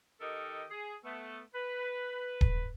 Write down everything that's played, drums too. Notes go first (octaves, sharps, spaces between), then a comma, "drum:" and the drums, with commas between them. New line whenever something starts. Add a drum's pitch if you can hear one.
D#3 D#4 G4 A4 A#4 D#5
G#4
A3 B3
B4
drum: kick D#1